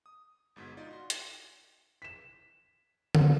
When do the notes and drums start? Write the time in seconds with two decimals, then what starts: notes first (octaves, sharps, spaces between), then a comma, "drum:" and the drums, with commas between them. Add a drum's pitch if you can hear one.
0.06 D#6
0.56 G1 G#2 B2 G#6 B6
0.77 D#4 F4 D5
0.91 F#4 C6
1.10 drum: hi-hat
2.02 B6 E7
3.15 drum: tom D3